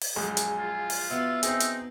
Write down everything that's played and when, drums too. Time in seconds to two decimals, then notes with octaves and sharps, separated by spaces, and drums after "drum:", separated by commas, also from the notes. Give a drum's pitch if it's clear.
0.01 drum: open hi-hat
0.16 A#1 F#2 G#3 G#4
0.37 drum: hi-hat
0.58 F4
0.90 drum: open hi-hat
1.10 B2 B3 E5
1.43 C4 D#4 G#4, drum: hi-hat
1.60 drum: hi-hat